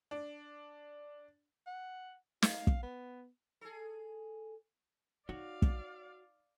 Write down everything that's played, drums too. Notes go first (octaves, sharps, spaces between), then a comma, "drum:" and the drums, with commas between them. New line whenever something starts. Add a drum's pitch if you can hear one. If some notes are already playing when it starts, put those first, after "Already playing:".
D4
F#5
F5, drum: snare
drum: kick
B3
G#4 A4
D#4 F#4 C#5 D5 F5
drum: kick